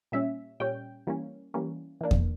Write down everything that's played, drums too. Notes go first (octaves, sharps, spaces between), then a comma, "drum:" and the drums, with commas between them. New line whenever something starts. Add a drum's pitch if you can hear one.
A#2 G3 C#4 E5
A#2 G3 C#4 G5
E3 G3 A#3 C#4
E3 G3 A#3 C#4
E3 A#3 D4
drum: kick E2